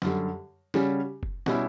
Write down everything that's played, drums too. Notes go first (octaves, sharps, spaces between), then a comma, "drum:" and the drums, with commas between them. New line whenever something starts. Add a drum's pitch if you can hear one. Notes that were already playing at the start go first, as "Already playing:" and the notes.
F#2 D3 G3, drum: snare
C#3 G3 C#4 F#4, drum: snare
drum: kick F1
B2 G3 C#4 E4 G4, drum: snare